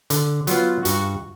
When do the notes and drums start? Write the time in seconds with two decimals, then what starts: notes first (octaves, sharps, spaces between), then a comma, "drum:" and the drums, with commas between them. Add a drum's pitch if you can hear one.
0.10 D3, drum: hi-hat
0.47 F#3 B3 F4, drum: hi-hat
0.85 G2 F#4, drum: hi-hat